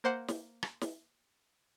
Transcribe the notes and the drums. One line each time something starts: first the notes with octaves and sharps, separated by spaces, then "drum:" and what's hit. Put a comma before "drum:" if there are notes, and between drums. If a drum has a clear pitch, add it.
A#3 C5 F#5
drum: snare
drum: rim click
drum: snare